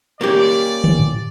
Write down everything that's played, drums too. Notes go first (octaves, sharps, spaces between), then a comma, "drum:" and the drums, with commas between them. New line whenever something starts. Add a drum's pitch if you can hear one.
A#3 C#4 G4 D5
drum: tom
drum: tom G#2